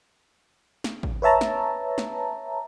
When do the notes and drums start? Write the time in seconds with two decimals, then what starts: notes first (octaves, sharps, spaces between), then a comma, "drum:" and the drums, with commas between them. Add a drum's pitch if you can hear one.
0.84 drum: snare
1.03 drum: kick A1
1.22 B4 C#5 E5 A5 A#5
1.41 drum: snare
1.98 drum: snare